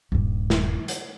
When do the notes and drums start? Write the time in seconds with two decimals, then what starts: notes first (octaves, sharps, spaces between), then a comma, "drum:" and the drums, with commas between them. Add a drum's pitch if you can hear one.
0.12 D#1 G2
0.50 drum: snare
0.88 drum: hi-hat